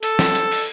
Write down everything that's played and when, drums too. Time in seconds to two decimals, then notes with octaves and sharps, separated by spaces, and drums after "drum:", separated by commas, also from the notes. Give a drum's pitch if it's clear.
0.03 A4, drum: hi-hat
0.19 drum: snare
0.35 drum: hi-hat
0.51 drum: open hi-hat